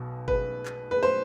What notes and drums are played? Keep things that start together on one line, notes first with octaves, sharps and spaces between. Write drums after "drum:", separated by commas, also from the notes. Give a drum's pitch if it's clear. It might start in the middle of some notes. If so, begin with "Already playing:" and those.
Already playing: B1 B2
B4, drum: kick G1
drum: clap
B4
C5